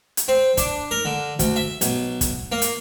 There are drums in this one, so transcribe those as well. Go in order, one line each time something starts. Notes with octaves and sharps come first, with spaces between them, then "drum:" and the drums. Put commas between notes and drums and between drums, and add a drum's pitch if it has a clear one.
drum: hi-hat
C4
D4, drum: kick, hi-hat
A#4
D3
D2, drum: kick, hi-hat
E5
B1, drum: hi-hat
drum: kick, hi-hat
A#3
drum: hi-hat